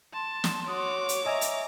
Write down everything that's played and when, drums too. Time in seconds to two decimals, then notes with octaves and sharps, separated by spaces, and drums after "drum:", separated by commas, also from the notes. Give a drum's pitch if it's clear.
0.14 A5 C6
0.44 drum: snare
0.68 F#4 C#5 D6 D#6
1.09 drum: hi-hat
1.25 D#5 E5 G#5 A#5 E6
1.41 drum: hi-hat